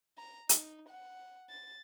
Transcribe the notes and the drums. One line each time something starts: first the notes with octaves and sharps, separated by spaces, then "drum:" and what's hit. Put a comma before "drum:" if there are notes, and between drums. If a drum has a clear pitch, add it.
A#5
D#4, drum: hi-hat
F#5
A6